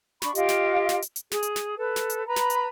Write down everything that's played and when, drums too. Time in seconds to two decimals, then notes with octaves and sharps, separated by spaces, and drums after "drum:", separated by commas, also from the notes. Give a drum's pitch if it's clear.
0.22 D4 B5 C#6, drum: snare
0.35 F4 G4 D#5 F5, drum: hi-hat
0.49 drum: snare
0.89 drum: snare
1.02 drum: hi-hat
1.16 drum: hi-hat
1.32 G#4, drum: snare
1.43 drum: hi-hat
1.56 drum: snare
1.77 A4 B4
1.96 drum: snare
2.10 drum: hi-hat
2.27 B4 A#5 B5
2.36 drum: snare
2.50 drum: hi-hat